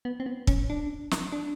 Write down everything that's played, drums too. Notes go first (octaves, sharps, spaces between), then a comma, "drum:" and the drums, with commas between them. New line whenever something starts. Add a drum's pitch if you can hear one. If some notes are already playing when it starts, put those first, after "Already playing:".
B3
C4
B3
C#4, drum: kick
D4
drum: snare
D4